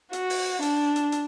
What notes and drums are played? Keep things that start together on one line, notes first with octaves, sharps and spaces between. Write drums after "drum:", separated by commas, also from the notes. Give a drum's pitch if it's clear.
F#4, drum: hi-hat
drum: open hi-hat
D4, drum: hi-hat
drum: hi-hat
drum: hi-hat